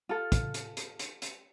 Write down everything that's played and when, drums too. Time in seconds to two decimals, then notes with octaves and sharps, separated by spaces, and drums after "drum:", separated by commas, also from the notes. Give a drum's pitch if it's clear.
0.09 F4 A4
0.32 drum: kick, hi-hat
0.54 drum: hi-hat
0.77 drum: hi-hat
0.99 drum: hi-hat
1.22 drum: hi-hat